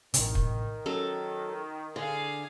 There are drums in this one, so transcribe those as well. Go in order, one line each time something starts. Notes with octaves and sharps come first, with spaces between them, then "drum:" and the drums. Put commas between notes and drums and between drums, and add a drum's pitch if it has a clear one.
A1 C3 D#3, drum: hi-hat
drum: kick
F#3 C#4 A4
D3 G#4 F5